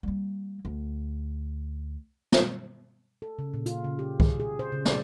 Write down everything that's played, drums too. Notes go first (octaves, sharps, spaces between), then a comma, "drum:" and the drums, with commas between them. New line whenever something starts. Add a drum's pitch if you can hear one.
G3 A#3
D2
drum: snare
A4
C#3
A#2
F4, drum: hi-hat
C#3
G4
G#4, drum: kick C2
G#4
C5
C#3
D5, drum: snare